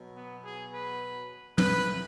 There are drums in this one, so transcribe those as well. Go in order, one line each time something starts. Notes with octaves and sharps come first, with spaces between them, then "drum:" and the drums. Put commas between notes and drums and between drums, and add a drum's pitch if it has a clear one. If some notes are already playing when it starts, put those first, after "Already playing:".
Already playing: B2 F#3
B3
G#4
B4
F#2 E3 B4, drum: tom